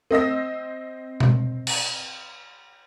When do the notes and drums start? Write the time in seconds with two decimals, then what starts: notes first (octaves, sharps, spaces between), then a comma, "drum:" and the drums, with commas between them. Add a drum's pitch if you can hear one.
0.11 C4 D#5 E6 A#6
1.20 drum: tom B2
1.67 drum: cymbal